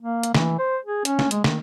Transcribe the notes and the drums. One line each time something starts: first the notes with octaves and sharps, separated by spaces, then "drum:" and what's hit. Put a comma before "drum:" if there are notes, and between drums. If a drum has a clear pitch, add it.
A#3
drum: hi-hat
E3, drum: snare
C5
G#4
C#4, drum: hi-hat
drum: snare
G#3, drum: hi-hat
D#3, drum: snare